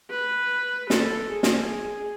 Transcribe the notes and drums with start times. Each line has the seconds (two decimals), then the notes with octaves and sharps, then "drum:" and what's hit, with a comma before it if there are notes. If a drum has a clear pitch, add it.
0.10 B4
0.90 A4, drum: snare
1.30 G#4
1.43 drum: snare